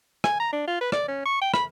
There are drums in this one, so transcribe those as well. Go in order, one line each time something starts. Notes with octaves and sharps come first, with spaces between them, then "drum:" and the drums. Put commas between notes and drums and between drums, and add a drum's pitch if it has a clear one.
G#5, drum: rim click
A#5
D4
F4
B4
D5, drum: rim click
C#4
C#6
G5
B5, drum: rim click